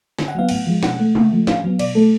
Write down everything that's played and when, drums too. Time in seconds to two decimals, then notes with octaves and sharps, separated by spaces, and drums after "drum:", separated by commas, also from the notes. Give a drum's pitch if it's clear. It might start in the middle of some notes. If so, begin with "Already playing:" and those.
0.19 D3 G#5, drum: snare
0.28 F#5
0.35 F#3 B3 F5
0.49 A2 F#5, drum: cymbal
0.66 F3 G#3
0.83 B2 F#5, drum: snare
1.00 A3
1.15 C#3, drum: tom G#3
1.31 F3 A3
1.47 A2 F5, drum: snare
1.64 F#3 B3
1.79 B2 D5, drum: cymbal
1.95 A3 A4